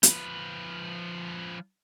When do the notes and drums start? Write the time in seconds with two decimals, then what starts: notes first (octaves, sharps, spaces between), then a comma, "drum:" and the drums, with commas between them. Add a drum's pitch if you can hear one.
0.03 F3 B4, drum: hi-hat